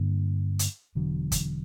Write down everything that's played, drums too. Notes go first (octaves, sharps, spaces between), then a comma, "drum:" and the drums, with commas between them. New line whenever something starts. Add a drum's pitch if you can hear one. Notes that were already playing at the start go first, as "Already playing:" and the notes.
Already playing: G2 D3 A#3 D4
drum: hi-hat
E1 E2 D3 F#3
drum: kick, hi-hat